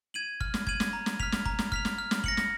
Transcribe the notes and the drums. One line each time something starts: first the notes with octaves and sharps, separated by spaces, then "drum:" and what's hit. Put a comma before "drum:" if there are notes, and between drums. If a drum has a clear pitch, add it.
G#6 D#7 F#7
F6, drum: kick
drum: snare
G#6 D#7 F#7, drum: kick
drum: snare
A#5
drum: snare
F6 B6 F7, drum: kick
drum: snare
A#5, drum: kick
drum: snare
F6 B6 F7, drum: kick
drum: snare
F6
drum: snare
A#6 C#7 F#7, drum: kick
drum: snare